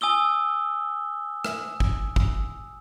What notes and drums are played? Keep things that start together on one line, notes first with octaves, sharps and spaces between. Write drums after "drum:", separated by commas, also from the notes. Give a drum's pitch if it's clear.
G#5 D#6 E6 G7
drum: rim click
drum: kick
drum: kick